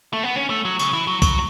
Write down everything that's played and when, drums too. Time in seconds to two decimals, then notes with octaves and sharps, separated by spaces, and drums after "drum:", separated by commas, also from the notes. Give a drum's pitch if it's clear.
0.13 A3
0.23 B3
0.36 C#4
0.50 A3
0.65 F#3
0.79 C#3, drum: tambourine
0.93 E3
1.07 F#3
1.22 F#3, drum: kick, tambourine